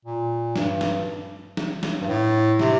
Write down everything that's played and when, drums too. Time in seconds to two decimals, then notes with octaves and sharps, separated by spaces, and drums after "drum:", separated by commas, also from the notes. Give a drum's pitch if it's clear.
0.05 A#2
0.56 G2, drum: snare
0.81 drum: snare
1.57 drum: snare
1.83 drum: snare
2.02 G2
2.08 A2
2.59 C3, drum: snare